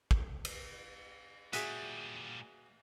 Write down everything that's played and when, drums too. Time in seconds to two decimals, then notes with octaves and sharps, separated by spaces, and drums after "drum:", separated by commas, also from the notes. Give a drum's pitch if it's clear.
0.11 drum: kick
0.45 drum: cymbal
1.53 A#2 G3 F#4 G#4 E5, drum: hi-hat